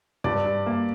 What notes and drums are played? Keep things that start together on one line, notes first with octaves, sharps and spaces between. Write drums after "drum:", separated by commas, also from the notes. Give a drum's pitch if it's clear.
G2 D5, drum: tom
G2
A#3